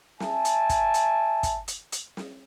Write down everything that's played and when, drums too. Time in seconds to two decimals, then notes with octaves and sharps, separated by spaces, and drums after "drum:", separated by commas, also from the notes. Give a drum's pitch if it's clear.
0.20 E5 G#5 A5, drum: snare
0.45 drum: hi-hat
0.69 drum: kick, hi-hat
0.94 drum: hi-hat
1.43 drum: kick, hi-hat
1.68 drum: hi-hat
1.92 drum: hi-hat
2.17 drum: snare